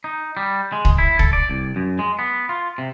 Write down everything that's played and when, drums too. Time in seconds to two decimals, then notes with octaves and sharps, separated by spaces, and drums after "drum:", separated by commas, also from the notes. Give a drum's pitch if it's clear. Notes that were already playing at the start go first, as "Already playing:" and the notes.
0.04 D#4
0.37 G3
0.72 G#3
0.85 drum: kick
0.98 E4
1.19 A4, drum: kick
1.33 D5
1.49 C2
1.76 F#2
1.99 G#3
2.19 B3
2.49 F4
2.78 C3